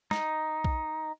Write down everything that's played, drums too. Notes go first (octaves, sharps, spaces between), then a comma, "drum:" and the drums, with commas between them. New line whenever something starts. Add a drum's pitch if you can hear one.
D#4, drum: snare
drum: kick B1